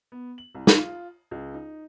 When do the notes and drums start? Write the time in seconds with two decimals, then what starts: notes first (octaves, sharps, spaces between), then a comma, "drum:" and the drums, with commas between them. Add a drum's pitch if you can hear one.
0.12 B3
0.38 F#7
0.55 C2
0.67 F4, drum: snare
1.31 C#2
1.54 D#4